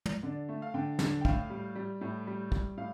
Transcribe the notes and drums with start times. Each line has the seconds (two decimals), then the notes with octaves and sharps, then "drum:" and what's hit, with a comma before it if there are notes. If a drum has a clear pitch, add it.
0.06 drum: tom
0.23 D3 D5
0.49 A3
0.62 F5
0.74 D3 G5
0.99 D3, drum: snare
1.21 G5
1.25 A2 F5, drum: kick
1.50 G3
1.76 G3
2.01 A2
2.27 G3
2.52 G3, drum: kick
2.77 A2 F5